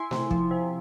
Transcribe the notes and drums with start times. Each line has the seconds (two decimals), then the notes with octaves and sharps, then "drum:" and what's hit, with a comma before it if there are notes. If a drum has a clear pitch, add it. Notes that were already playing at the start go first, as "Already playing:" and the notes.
Already playing: E4 G#5 C6
0.11 C3, drum: snare A3
0.31 F3, drum: kick
0.51 C3